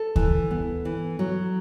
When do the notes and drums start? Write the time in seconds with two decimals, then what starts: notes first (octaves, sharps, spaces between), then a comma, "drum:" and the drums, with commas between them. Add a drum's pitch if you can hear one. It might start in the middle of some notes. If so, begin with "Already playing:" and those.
Already playing: A4
0.16 E3, drum: kick D2
0.51 B3
0.85 E3
1.19 F#3